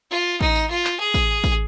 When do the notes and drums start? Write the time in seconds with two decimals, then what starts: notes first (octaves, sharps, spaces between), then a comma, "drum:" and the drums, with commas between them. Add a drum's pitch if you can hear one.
0.11 F4
0.41 D#4, drum: kick A1
0.55 drum: tambourine
0.70 F4
0.85 drum: clap
1.00 G#4
1.14 drum: kick A1, tambourine
1.44 drum: kick A1, tambourine